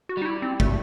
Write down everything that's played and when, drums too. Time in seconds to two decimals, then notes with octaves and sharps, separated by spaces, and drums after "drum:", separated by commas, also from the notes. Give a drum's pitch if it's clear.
0.09 F#4
0.17 G3 D#4
0.26 E4
0.42 C4
0.60 A3, drum: kick